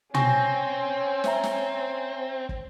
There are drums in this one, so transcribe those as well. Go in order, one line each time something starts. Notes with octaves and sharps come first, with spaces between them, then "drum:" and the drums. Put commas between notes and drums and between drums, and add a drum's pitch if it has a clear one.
C4 C#4 G#5 C#6 A#6, drum: tom
C5 E5 A#5, drum: snare
drum: snare
drum: kick